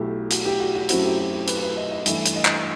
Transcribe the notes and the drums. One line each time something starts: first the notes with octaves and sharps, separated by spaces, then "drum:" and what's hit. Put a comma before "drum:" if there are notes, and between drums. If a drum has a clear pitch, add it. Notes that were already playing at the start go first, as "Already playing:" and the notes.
Already playing: B1 B2 A3 E4 G4
F#4, drum: hi-hat
G4
F#4
F#4
F#2 F#3 A3 C4 E4 F#4, drum: hi-hat
G4
F#4
G4
B4, drum: hi-hat
B4
D#5
D#5
G2 E3 A3 E4 E5, drum: hi-hat
drum: hi-hat
D#5
drum: clap